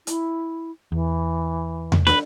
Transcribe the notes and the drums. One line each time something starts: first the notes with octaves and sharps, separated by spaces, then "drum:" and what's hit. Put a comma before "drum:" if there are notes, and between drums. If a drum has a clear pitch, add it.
E4, drum: hi-hat
E2 E3
drum: tom E2
B4, drum: snare